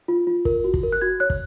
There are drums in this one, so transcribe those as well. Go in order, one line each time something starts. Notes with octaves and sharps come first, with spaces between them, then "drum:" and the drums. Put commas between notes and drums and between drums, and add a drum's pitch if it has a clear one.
F4
F4
A#4, drum: kick
F#4
drum: kick
A#4
F#6
F#4 G#6
C#5 F#6
drum: kick